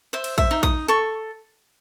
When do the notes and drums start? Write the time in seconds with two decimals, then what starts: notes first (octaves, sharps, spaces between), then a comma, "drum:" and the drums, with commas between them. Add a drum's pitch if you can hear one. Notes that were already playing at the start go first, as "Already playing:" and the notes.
0.13 C5 E5
0.24 drum: cymbal
0.38 E5, drum: kick
0.51 D#4
0.63 D#6, drum: kick
0.88 A4 C#6